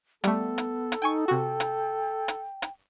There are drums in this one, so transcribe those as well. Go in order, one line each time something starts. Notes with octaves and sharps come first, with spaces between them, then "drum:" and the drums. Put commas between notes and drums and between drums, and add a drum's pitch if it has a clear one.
G3 A3 B3 A4, drum: hi-hat
drum: hi-hat
drum: hi-hat
D#4 G5 G#5 C#6
C3 F#4 G5
drum: hi-hat
drum: hi-hat
drum: hi-hat